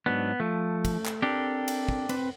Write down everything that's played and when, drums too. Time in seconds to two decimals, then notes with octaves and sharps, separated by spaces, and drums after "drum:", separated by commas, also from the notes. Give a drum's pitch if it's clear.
0.06 G#2 F#3 B3 D4
0.40 F3 A3
0.85 drum: kick, cymbal
1.05 drum: clap
1.22 C4 D4 G4 A4 A#4
1.68 drum: cymbal
1.89 drum: kick
2.09 C4 B4, drum: cymbal